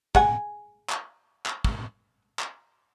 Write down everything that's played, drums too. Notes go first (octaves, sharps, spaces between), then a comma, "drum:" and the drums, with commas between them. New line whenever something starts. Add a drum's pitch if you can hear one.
G#4 F#5 G#5, drum: kick
drum: clap
drum: clap
drum: kick
drum: clap